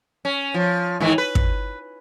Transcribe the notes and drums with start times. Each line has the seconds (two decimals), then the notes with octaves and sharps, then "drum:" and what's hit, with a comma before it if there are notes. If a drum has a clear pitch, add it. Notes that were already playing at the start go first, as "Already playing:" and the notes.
0.25 C#4
0.54 F3
1.00 G#2 D#3 E3
1.18 B4
1.35 drum: kick